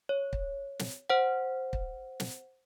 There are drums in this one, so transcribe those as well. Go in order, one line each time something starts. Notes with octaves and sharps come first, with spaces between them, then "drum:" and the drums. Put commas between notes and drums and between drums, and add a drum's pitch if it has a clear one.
C#5
drum: kick
drum: snare
C5 F#5
drum: kick
drum: snare